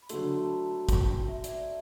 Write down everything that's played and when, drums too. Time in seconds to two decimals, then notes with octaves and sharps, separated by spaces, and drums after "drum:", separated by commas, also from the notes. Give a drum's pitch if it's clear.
0.02 B5
0.09 D3 F#3 A3 C6, drum: hi-hat
0.44 A5
0.49 B5
0.89 drum: kick, hi-hat
1.08 G5
1.28 E5
1.44 D5, drum: hi-hat
1.48 E5